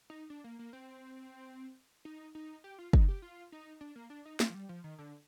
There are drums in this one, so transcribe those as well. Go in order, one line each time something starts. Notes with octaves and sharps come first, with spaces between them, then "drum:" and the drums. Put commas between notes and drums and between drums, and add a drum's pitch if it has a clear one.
D#4
D4
A#3
A#3
C4
D#4
D#4
G4
F4
D#4, drum: kick
G4
F4
D#4
D4
A#3
D4
D#4
F4, drum: snare
F3
G3
F3
D#3
D3